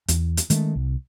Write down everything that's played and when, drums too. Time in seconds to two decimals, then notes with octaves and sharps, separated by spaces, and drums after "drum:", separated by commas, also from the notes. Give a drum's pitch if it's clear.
0.08 E2, drum: hi-hat
0.37 drum: hi-hat
0.50 D#3 G#3 A3 C#4, drum: hi-hat
0.75 C2